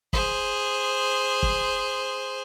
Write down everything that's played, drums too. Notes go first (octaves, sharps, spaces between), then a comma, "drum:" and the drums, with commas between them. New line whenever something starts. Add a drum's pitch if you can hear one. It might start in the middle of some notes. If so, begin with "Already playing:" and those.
G#4 C5, drum: kick
drum: kick